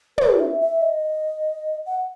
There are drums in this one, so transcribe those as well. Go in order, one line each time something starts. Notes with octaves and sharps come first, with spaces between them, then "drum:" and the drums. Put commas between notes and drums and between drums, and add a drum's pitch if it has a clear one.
B4, drum: tom
E5
E5
D#5
F#5